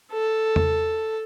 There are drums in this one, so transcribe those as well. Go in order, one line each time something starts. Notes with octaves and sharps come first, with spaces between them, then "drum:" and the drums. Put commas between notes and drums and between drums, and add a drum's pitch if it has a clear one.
A4
drum: tom E2